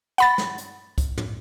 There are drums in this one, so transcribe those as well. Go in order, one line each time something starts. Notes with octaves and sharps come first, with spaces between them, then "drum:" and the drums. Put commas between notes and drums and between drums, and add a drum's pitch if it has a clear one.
F#5 B5 A6, drum: hi-hat
drum: snare
drum: hi-hat
drum: kick, hi-hat
drum: tom